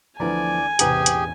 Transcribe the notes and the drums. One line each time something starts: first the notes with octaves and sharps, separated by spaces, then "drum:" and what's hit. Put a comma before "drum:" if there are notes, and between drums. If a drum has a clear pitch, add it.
D2 E3 F3 B3 D5 G#5 A#5
E1 A1 E2 C3 G4 G#4 B4 A#5, drum: hi-hat
drum: hi-hat